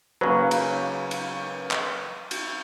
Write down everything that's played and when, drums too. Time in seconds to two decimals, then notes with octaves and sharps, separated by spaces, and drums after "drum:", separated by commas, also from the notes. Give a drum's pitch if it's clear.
0.21 C#3 F#3 A#3 B4
0.51 drum: cymbal
1.11 drum: cymbal
1.71 drum: clap
2.31 drum: cymbal